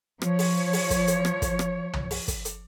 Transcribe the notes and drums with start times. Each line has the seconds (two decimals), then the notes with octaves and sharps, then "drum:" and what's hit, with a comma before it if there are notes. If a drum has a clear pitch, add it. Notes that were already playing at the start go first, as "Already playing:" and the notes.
0.22 F3 C#5, drum: rim click
0.39 drum: open hi-hat
0.73 drum: open hi-hat
0.90 drum: kick, hi-hat
1.07 drum: hi-hat
1.25 drum: rim click
1.42 drum: kick, hi-hat
1.59 drum: rim click
1.93 drum: tom
2.11 drum: open hi-hat
2.28 drum: kick, hi-hat
2.45 drum: hi-hat